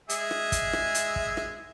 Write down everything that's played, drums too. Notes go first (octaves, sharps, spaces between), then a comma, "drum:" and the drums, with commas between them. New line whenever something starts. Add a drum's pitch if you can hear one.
G#3 G#4 E5, drum: hi-hat
drum: rim click
drum: kick, hi-hat
drum: rim click
drum: hi-hat
drum: kick
drum: rim click